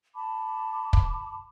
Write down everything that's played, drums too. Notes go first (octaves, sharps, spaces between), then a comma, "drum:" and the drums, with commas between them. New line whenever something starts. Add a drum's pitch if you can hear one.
A5 B5 D6
drum: kick